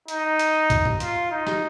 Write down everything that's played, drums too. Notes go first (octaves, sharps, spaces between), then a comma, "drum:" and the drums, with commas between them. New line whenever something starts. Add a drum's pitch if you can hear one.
D#4, drum: hi-hat
drum: hi-hat
drum: kick C2, hi-hat
drum: tom G2
F4, drum: hi-hat
D#4
drum: snare